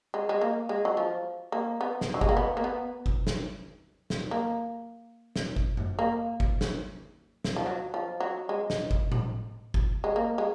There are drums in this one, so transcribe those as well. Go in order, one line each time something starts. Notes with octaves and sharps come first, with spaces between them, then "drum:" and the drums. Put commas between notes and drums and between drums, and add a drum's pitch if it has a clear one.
G#3
G#3
A#3
G#3
F#3
F3
A#3
B3
drum: snare
F#3
G#3, drum: kick
A#3
B3
A#3
B3
drum: kick
drum: snare
drum: snare
A#3
drum: snare
drum: kick
drum: tom F#2
A#3
drum: kick
drum: snare
drum: snare
F3
F#3
F3
F#3
G#3
drum: snare
drum: kick
drum: tom A2
drum: kick
G#3
A#3
G#3